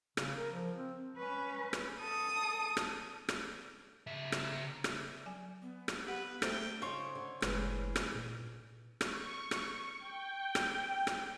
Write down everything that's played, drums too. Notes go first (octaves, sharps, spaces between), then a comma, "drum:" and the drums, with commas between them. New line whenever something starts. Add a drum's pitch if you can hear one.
C#3, drum: rim click
A#4
F3
C4
C#4 B4
drum: rim click
A4 D#6
drum: rim click
drum: rim click
C#3 E5
drum: rim click
drum: rim click
F#3 G#5
B3
drum: rim click
G4 B4 F#5
A3 D4 A4 C5 G5, drum: rim click
C#3 D#4 C5 C#5 D#5 C#6
D3
F#1 A2 E3 G#3, drum: rim click
drum: rim click
A#2
C#6, drum: rim click
drum: rim click
G5
drum: rim click
drum: rim click